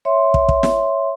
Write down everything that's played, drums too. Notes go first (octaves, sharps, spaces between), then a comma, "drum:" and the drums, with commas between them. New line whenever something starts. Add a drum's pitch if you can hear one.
C#5 E5 C6
drum: kick
drum: kick
drum: snare